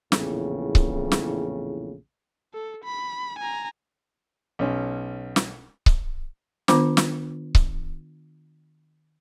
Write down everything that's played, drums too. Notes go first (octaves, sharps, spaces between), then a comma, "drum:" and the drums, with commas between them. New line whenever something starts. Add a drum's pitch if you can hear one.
A#1 E2 A2 C#3, drum: snare
drum: kick C#1
drum: snare
A4
B5
G#5 A#5
B1 C#4
drum: snare
drum: kick C#1
D#3 B3 D4 F4 C5 D6, drum: snare
drum: snare
drum: kick C#1